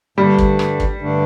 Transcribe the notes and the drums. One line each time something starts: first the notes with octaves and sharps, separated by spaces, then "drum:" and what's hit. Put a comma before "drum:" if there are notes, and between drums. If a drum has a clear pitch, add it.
G2 D3 G3 A3 D4
drum: kick
drum: rim click
drum: kick
G2 D3 A3 D4